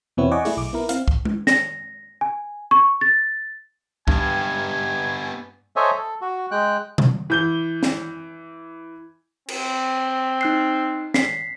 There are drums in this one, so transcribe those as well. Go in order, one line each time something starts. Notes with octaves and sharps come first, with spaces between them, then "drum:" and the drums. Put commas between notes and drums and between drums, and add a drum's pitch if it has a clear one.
E2 B2 B3 C4 E4 C#5
D5 D#5 F#5 G#5 C#6 D6
A3 E4 G#4, drum: open hi-hat
B1 D6
B3 E4 A#4
C4 F5, drum: hi-hat
drum: kick C2
drum: tom G#3
A#6, drum: snare
G#5
C#6
A6
G2 B3 G4 G#5, drum: kick C2
A4 C5 C#5 D#5 E5 G#5
A4
F#4
G#3 G5 F#6
drum: tom B2
E3 G6 G7
drum: snare
C4, drum: cymbal
D#4 F#6 C7
B6 C7, drum: snare